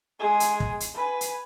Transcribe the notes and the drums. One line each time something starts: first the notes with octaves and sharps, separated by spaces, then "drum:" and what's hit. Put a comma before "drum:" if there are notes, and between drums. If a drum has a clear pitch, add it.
G#3 G#4
drum: hi-hat
drum: kick
drum: hi-hat
B4 G#5
drum: hi-hat